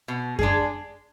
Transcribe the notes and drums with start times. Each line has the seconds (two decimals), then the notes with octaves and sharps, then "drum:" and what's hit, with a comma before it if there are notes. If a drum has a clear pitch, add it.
0.08 B2
0.39 G#3 D4 G#4, drum: kick F#2